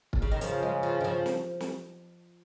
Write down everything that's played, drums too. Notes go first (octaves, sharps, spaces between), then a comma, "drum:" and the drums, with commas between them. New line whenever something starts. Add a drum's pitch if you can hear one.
drum: kick
C#3
D#3
C#3 F3, drum: hi-hat
G#3
F3
D#3
F3
drum: snare
drum: snare